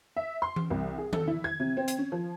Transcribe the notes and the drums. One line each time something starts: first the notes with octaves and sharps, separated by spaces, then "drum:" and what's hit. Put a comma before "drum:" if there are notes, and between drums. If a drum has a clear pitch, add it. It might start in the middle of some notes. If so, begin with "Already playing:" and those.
E5
C6
drum: tom E3
C2
G#4
A4, drum: tom D#3
E4
G#6
C3
C4
drum: hi-hat
C#4
F3